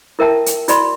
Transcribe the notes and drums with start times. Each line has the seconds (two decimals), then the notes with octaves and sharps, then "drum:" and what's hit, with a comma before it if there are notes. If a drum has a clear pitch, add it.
0.19 E4 A#4 E5 G5 A5
0.46 drum: hi-hat
0.68 E4 F#4 D5 B5 C6, drum: hi-hat